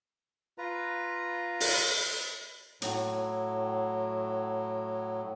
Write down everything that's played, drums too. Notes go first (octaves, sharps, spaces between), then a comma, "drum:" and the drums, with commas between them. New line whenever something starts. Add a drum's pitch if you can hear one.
F4 B4 A#5
drum: open hi-hat
A2 F#3, drum: hi-hat